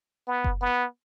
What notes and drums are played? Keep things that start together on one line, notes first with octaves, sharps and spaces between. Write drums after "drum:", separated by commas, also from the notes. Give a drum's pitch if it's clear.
B3
drum: kick F#1
B3